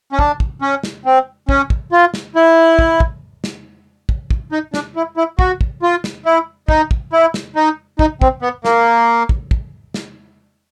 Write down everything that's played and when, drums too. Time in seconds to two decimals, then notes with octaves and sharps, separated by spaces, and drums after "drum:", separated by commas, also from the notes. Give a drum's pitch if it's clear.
0.12 C#4
0.19 D4, drum: kick
0.40 drum: kick
0.62 C#4
0.83 drum: snare
1.06 C4
1.49 C#4, drum: kick
1.70 drum: kick
1.92 F4
2.14 drum: snare
2.36 E4
2.79 drum: kick
3.00 drum: kick
3.44 drum: snare
4.09 drum: kick
4.31 drum: kick
4.52 D#4
4.74 D4, drum: snare
4.96 E4
5.17 E4
5.39 F#4, drum: kick
5.61 drum: kick
5.82 F4
6.04 drum: snare
6.25 E4
6.68 D#4, drum: kick
6.91 drum: kick
7.13 E4
7.34 drum: snare
7.56 D#4
7.99 D#4, drum: kick
8.22 C4, drum: kick
8.42 B3
8.65 A#3, drum: snare
9.29 drum: kick
9.51 drum: kick
9.94 drum: snare